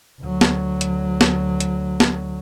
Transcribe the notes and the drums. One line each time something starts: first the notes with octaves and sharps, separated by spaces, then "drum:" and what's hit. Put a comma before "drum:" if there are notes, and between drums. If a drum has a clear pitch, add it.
D2 F#3
drum: snare
drum: hi-hat
drum: snare
drum: hi-hat
drum: snare